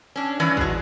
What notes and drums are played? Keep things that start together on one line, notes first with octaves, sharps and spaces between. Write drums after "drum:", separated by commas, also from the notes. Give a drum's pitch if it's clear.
C#4 D4
G2 E3 C#4 D4 B4 D5
F#3 G#3, drum: kick